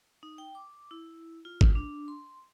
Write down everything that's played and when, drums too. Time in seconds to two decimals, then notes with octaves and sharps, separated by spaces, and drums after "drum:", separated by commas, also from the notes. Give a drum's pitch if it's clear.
0.23 D#4
0.38 G5
0.55 D6
0.91 E4
1.45 F4
1.61 drum: kick
1.75 D4
2.08 C6